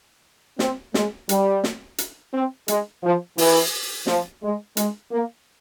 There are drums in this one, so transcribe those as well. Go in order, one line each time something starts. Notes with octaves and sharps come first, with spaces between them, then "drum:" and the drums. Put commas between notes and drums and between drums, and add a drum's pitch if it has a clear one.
C4, drum: snare
G#3, drum: snare
G3, drum: hi-hat
drum: snare
drum: hi-hat
C4
G#3, drum: hi-hat
F3
E3, drum: open hi-hat
F3, drum: snare
G#3
G#3, drum: hi-hat
A#3